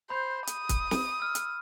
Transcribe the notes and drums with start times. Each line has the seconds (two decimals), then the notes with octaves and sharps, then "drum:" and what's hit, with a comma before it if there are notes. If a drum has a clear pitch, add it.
0.10 C5 B5 G6
0.47 D#6, drum: hi-hat
0.69 drum: kick, hi-hat
0.91 drum: snare
1.20 E6 F6
1.35 drum: hi-hat